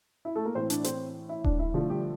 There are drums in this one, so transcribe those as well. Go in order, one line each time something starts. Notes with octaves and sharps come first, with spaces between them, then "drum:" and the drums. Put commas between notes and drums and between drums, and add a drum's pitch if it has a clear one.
E4
A3 A4
A#3 A#4
A2 E3 A3 C4 C5
D4 D5, drum: hi-hat
C4 C5, drum: hi-hat
E4
D4, drum: kick D#1
E4
D3 F3 A3 F4
G3 G4